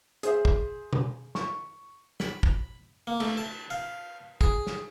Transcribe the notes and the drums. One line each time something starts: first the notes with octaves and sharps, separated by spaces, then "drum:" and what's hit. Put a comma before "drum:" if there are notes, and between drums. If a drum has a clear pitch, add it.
G#4 C5 E5, drum: hi-hat
drum: kick
drum: tom B2
C#6, drum: snare
B5, drum: snare
drum: kick
A#3
A3, drum: cymbal
A5
F5
G#4, drum: kick
drum: snare